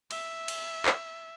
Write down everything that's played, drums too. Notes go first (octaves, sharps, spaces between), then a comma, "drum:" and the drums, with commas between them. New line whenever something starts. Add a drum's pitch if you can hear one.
E5, drum: cymbal
drum: cymbal
drum: clap